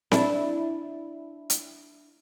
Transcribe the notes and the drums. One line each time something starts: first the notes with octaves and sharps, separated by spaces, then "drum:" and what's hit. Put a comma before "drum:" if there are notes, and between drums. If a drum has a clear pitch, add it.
D4 E4, drum: snare C4
drum: hi-hat